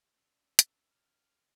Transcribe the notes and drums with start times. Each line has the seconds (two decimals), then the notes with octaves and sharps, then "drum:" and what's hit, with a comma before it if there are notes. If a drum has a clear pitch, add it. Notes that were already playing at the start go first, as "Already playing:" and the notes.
0.16 C#4 D4 F#4 C6 E6
0.59 drum: hi-hat
0.91 F6